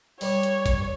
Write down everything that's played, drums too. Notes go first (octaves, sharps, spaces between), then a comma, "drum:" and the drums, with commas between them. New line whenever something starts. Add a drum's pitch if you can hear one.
G3 C#5 D5, drum: open hi-hat
drum: hi-hat
drum: kick, hi-hat